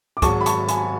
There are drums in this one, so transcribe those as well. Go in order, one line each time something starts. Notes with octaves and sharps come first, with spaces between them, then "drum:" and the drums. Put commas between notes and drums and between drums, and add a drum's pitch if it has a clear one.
D6
G#1 G#2 F#3 A5 C#6, drum: kick, hi-hat
B5
A5 C#6, drum: hi-hat
G#5 B5, drum: hi-hat